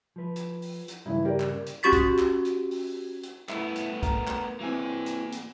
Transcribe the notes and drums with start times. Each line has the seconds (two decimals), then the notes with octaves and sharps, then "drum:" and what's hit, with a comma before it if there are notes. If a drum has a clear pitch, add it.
0.16 F3 B4
0.36 drum: hi-hat
0.62 drum: open hi-hat
0.88 drum: hi-hat
1.06 G2 C#3 E3 E4
1.25 G4 A#4 D5
1.40 drum: clap
1.66 drum: hi-hat
1.83 C#4 F#4 G4 C#6 A6 B6
1.93 drum: kick, hi-hat
2.19 drum: clap
2.45 drum: hi-hat
2.71 drum: open hi-hat
3.23 drum: hi-hat
3.49 A3 B3 E4, drum: clap
3.75 drum: hi-hat
4.03 A#4, drum: kick, hi-hat
4.28 drum: clap
4.61 E3 A#3 C4 G#5
5.06 drum: hi-hat
5.32 drum: hi-hat